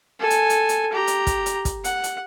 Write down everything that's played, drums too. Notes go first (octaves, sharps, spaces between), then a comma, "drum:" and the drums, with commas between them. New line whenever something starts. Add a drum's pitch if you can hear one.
A4 G#5
drum: hi-hat
drum: hi-hat
drum: hi-hat
G4 A#5
drum: hi-hat
drum: kick, hi-hat
drum: hi-hat
drum: kick, hi-hat
F#5, drum: hi-hat
drum: hi-hat